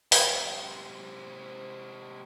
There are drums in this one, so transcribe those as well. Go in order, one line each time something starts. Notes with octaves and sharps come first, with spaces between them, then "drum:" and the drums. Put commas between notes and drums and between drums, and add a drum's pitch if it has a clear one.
C3 G#3, drum: open hi-hat